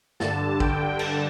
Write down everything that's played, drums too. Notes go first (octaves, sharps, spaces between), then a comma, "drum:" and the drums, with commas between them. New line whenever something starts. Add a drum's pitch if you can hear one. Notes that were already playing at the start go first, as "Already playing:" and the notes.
G2 D3 A5, drum: snare
G5, drum: kick
A5, drum: cymbal